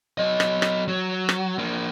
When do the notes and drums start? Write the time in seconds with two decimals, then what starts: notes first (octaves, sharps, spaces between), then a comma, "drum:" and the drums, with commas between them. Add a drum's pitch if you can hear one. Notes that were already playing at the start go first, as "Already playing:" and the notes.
0.18 F#3 D#5
0.40 drum: rim click
0.62 drum: rim click
0.88 F#3
1.29 drum: rim click
1.58 A#3 D4